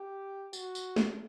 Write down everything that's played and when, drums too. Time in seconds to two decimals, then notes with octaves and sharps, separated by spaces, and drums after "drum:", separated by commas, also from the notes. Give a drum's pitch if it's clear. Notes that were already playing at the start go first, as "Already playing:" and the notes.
Already playing: G4
0.53 F#4, drum: tambourine
0.75 drum: tambourine
0.96 drum: snare